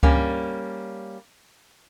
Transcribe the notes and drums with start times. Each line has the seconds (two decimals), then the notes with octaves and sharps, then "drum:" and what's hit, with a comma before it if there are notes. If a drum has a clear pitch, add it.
0.03 G3 A#3 C#4, drum: kick C#2